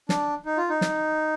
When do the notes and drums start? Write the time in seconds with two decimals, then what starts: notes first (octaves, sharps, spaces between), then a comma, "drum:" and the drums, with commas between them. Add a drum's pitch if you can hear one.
0.09 D4, drum: snare
0.45 D#4
0.57 F4
0.70 D#4
0.81 drum: snare